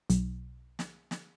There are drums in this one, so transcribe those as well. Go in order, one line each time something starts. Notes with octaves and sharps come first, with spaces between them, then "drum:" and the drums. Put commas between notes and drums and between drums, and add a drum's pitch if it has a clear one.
B1, drum: hi-hat
drum: snare
drum: snare